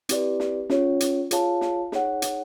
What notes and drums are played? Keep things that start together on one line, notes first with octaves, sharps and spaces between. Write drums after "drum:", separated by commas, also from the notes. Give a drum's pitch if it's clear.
C4 E4 G4 B4 D5, drum: hi-hat
drum: snare
C#4 F4 G#4 C#5, drum: snare
drum: hi-hat
F4 G#4 C#5 F5 A5, drum: hi-hat
drum: snare
D#4 G#4 C#5 F#5, drum: snare
drum: hi-hat